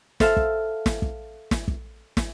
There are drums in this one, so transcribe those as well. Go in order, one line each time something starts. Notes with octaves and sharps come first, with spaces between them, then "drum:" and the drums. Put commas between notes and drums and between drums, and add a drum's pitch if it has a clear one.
A4 C5 E5 F5, drum: snare
drum: kick
drum: snare
drum: kick
drum: snare
drum: kick
drum: snare